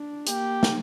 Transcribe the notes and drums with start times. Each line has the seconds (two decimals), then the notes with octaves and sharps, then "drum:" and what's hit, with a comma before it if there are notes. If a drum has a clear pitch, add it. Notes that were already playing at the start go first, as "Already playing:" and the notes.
Already playing: D4
0.27 A#3 G4, drum: hi-hat
0.63 drum: snare